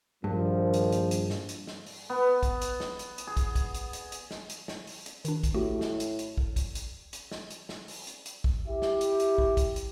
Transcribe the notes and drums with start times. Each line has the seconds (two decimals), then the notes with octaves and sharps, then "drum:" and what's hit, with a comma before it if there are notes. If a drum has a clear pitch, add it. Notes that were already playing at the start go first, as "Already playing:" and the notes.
0.24 A#1 G2 D#3 F3
0.73 drum: hi-hat
0.92 drum: hi-hat
1.11 drum: hi-hat
1.30 drum: snare
1.49 drum: hi-hat
1.67 drum: snare
1.86 drum: open hi-hat
2.10 B3
2.43 drum: kick, hi-hat
2.61 drum: hi-hat
2.80 drum: snare
2.99 drum: hi-hat
3.18 drum: hi-hat
3.27 G#4
3.37 drum: kick, hi-hat
3.55 drum: kick, hi-hat
3.74 drum: hi-hat
3.93 drum: hi-hat
4.12 drum: hi-hat
4.31 drum: snare
4.49 drum: hi-hat
4.68 drum: snare
4.87 drum: open hi-hat
5.06 drum: hi-hat
5.25 D#3 D4, drum: hi-hat
5.43 drum: kick, hi-hat
5.54 A2 A3 F#4 G4
5.81 drum: snare
6.00 drum: hi-hat
6.19 drum: hi-hat
6.37 drum: kick
6.56 drum: kick, hi-hat
6.75 drum: hi-hat
7.13 drum: hi-hat
7.32 drum: snare
7.50 drum: hi-hat
7.69 drum: snare
7.88 drum: open hi-hat
8.07 drum: hi-hat
8.26 drum: hi-hat
8.44 drum: kick
8.67 E4 G4 E5
8.82 drum: snare
9.01 drum: hi-hat
9.20 drum: hi-hat
9.38 drum: kick
9.57 drum: kick, hi-hat
9.76 drum: hi-hat